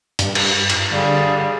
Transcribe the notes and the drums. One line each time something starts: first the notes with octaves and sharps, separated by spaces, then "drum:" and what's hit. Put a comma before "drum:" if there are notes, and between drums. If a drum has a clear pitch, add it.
G2, drum: hi-hat
drum: cymbal
drum: cymbal
D3 G3 G#4 F5